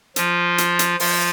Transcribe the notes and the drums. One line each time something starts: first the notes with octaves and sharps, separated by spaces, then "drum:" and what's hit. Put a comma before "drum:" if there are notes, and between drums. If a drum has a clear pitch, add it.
F3 F4, drum: hi-hat
drum: hi-hat
drum: hi-hat
F3 F4, drum: open hi-hat